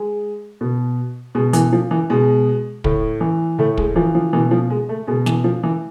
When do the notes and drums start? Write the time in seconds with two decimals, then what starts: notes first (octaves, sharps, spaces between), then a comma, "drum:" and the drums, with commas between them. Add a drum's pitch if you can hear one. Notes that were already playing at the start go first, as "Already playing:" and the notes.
Already playing: G#3
0.61 B2
1.35 B2 G#3
1.53 E3, drum: hi-hat
1.72 F3
1.91 E3
2.10 B2 G#3
2.84 A2, drum: kick
3.21 E3
3.58 A2 A3
3.78 G#3, drum: kick
3.96 E3 F3
4.15 F3
4.33 B2 E3
4.51 F3
4.70 G#3
4.89 A3
5.07 B2 G#3
5.26 E3, drum: snare
5.44 F3
5.64 E3